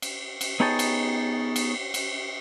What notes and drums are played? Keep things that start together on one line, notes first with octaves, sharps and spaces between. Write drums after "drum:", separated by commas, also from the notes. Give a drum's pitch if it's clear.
drum: cymbal
drum: cymbal
B3 D#4 G#4 C#5 G5 A5
drum: cymbal
drum: cymbal
drum: cymbal